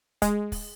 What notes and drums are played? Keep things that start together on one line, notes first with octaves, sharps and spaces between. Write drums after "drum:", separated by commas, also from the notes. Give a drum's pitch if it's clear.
G#3, drum: kick, hi-hat
drum: kick, open hi-hat